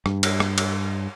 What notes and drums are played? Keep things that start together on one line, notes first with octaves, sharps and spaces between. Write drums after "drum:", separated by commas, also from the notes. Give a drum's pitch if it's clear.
G2, drum: rim click
drum: cymbal
drum: rim click
drum: cymbal